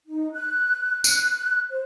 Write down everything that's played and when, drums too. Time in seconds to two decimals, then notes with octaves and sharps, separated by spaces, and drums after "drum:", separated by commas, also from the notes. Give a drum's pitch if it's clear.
0.08 D#4
0.33 F#6
1.04 F#6, drum: tambourine
1.70 C5